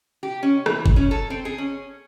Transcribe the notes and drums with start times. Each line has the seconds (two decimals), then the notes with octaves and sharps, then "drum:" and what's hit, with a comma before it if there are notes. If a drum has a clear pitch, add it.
0.23 G4
0.43 C#4
0.66 E3, drum: rim click
0.86 drum: kick F#1
0.96 C#4
1.11 A4
1.30 C4
1.45 G#4
1.58 C#4